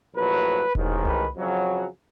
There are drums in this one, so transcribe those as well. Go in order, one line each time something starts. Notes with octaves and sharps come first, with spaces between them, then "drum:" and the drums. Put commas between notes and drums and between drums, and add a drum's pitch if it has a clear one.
A#1 A2 F#3 B4
A1 G#2 D#3, drum: kick E1
B4, drum: tom C2
F2 C#3 F#3